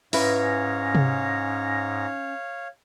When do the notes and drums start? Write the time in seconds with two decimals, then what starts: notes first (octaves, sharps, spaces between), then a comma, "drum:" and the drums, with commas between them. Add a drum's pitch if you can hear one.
0.13 G#2 C#4 E4 B4 C#5 F5 A#6, drum: open hi-hat
0.95 drum: tom C3